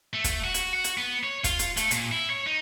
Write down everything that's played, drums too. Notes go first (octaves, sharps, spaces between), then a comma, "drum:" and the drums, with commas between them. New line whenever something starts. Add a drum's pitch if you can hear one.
A3
drum: kick, hi-hat
F#4
drum: hi-hat
F#4
drum: hi-hat
B3
C#5
F4, drum: kick, hi-hat
drum: hi-hat
A3, drum: hi-hat
A#2, drum: hi-hat
E4
C#5
D#4